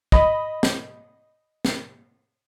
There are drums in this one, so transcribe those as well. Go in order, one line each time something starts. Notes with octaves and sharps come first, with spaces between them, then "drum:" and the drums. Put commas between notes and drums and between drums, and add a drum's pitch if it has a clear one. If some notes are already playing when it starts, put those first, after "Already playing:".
D#5 B5, drum: kick
drum: snare
drum: snare